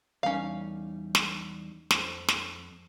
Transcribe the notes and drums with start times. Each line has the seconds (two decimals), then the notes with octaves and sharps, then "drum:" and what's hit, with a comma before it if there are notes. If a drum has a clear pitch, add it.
0.23 E2 G3 C#4 D#4 F5
1.15 drum: snare
1.91 F2, drum: snare
2.28 drum: snare